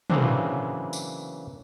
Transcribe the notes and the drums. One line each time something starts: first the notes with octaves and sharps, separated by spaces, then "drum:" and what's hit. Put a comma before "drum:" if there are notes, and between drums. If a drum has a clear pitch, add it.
C#3 E3 F#3 A#3 C4 D4, drum: tom
drum: tambourine